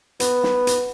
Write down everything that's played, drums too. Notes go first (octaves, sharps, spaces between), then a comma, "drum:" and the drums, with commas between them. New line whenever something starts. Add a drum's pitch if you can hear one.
B3, drum: hi-hat
drum: snare
drum: hi-hat